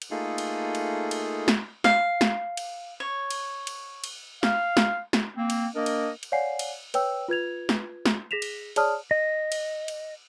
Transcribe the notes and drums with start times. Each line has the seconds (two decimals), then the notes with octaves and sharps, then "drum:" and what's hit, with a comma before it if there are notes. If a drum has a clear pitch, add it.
0.02 drum: cymbal
0.11 A3 A#3 D#4 F4 G#4 A4
0.38 drum: cymbal
0.75 drum: cymbal
1.11 drum: cymbal
1.48 drum: snare
1.84 F5, drum: snare
2.21 drum: snare
2.57 drum: cymbal
3.00 C#5
3.31 drum: cymbal
3.67 drum: cymbal
4.04 drum: cymbal
4.43 F5, drum: snare
4.77 drum: snare
5.13 drum: snare
5.37 A#3 C4
5.50 drum: cymbal
5.75 A#3 D4 A#4 D#5
5.86 drum: cymbal
6.23 drum: cymbal
6.32 C#5 D5 F5 F#5 G#5 C7
6.59 drum: cymbal
6.94 B4 C#5 G5 E6, drum: cymbal
7.28 F4 B4 G#6 F7
7.69 drum: snare
8.06 drum: snare
8.31 G#4 A#6 B6 E7 F7
8.42 drum: cymbal
8.76 G#4 C#5 D5 A5 D#6 F6, drum: cymbal
9.11 D#5
9.52 drum: cymbal
9.88 drum: cymbal